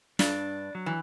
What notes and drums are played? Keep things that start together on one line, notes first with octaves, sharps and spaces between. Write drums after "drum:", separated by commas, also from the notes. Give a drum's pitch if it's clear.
G2 D4, drum: snare
F#3
E3